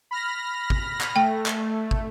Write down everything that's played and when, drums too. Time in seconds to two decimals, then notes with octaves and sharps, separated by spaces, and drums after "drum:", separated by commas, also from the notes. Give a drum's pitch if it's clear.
0.11 B5 F6 A#6
0.70 drum: kick
1.01 drum: clap
1.16 A3 G5
1.46 drum: clap
1.91 drum: kick